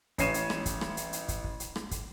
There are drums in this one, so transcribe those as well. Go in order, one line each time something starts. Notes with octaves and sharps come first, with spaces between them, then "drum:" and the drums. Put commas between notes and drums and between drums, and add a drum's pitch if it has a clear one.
A1 C#4 C#5 C7 D#7 E7, drum: kick, hi-hat
drum: hi-hat
drum: rim click
drum: kick, hi-hat
drum: rim click
drum: hi-hat
drum: hi-hat
drum: kick, hi-hat
drum: kick
drum: hi-hat
drum: rim click
drum: kick, hi-hat